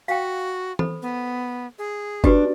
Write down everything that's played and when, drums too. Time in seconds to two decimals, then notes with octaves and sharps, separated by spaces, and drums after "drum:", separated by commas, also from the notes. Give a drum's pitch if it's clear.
0.08 F#4 F5 G5
0.79 A4 C5 B5, drum: tom E3
1.02 B3
1.78 G#4
2.24 D4 F#4 G4 B4, drum: kick F#1